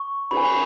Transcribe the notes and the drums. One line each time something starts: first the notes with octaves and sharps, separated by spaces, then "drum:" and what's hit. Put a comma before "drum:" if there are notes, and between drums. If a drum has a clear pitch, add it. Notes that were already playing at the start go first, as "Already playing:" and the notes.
Already playing: C#6
B5, drum: cymbal
G#5